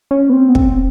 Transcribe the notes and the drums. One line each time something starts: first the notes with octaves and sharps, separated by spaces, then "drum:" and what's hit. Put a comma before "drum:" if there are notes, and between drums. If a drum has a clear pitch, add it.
C#4
B3
C4
B3
C4, drum: kick